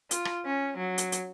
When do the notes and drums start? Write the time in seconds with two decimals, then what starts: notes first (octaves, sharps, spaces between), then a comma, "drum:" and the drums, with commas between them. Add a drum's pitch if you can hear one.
0.11 F4, drum: hi-hat
0.25 drum: rim click
0.45 C#4
0.78 F#3
0.98 drum: hi-hat
1.12 drum: hi-hat